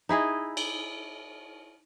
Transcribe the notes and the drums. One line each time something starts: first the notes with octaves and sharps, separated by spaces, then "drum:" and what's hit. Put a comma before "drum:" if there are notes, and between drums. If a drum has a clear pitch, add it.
D#4 E4 G#4 D#5
drum: cymbal